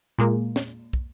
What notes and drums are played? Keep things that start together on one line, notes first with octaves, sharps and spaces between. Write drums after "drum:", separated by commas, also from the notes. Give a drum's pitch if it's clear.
A#2 G#3 A#3
drum: snare
drum: kick